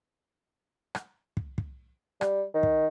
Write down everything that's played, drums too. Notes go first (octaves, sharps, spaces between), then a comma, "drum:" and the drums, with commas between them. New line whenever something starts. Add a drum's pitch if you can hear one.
drum: rim click
drum: kick
drum: kick
G3, drum: rim click
D#3
drum: kick